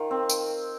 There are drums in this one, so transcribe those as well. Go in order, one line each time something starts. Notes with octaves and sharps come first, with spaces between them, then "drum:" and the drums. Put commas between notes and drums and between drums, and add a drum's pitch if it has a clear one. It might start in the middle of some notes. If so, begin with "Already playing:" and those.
Already playing: D#3 F4 F5
C4
drum: tambourine